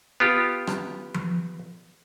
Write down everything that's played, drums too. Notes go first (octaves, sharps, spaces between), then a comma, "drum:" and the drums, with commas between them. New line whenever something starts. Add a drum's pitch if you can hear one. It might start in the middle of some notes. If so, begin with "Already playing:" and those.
B3 F4 G4
drum: rim click
drum: tom F3